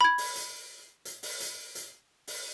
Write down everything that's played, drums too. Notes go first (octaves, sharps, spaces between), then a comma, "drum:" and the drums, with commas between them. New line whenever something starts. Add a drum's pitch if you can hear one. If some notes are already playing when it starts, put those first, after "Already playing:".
B5 G#6
drum: open hi-hat
drum: hi-hat
drum: hi-hat
drum: open hi-hat
drum: hi-hat
drum: hi-hat
drum: open hi-hat